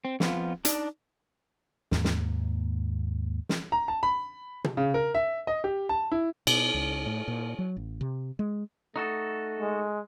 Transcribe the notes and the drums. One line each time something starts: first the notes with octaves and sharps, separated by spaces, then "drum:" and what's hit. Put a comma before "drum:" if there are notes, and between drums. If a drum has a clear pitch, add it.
C4
F2 F3 B3 F4, drum: snare
D4 D#4 D5, drum: hi-hat
D#2 G#2 A#3, drum: snare
drum: snare
drum: snare
A#5
A5
B5
drum: tom
C#3
A#4
E5
D#5
G4
A5
E4
B2, drum: cymbal
C#2
A2
A#2
F#3
A1
C3
G#3
A3 D#4 F#4 A4
G#3